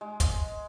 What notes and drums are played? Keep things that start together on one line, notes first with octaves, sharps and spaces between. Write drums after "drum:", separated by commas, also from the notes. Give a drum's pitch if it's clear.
G#3
drum: kick, hi-hat